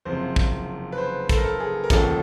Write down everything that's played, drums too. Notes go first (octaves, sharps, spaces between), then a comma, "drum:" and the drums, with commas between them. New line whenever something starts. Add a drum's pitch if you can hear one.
F#1 F2 C3 C5
drum: kick
B4
C5
A4, drum: kick, hi-hat
A#4
A4
G#4
A#4
E1 D#2 C#3 F3 A4, drum: kick, hi-hat